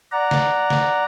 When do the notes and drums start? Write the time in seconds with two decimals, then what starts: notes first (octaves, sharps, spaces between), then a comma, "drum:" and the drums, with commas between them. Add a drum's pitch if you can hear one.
0.12 D5 F#5 A#5
0.31 drum: snare
0.70 drum: snare